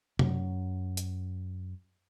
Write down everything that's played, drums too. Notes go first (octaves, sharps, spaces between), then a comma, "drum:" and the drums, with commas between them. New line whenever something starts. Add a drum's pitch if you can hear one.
F#2 F#3, drum: tom C3
drum: hi-hat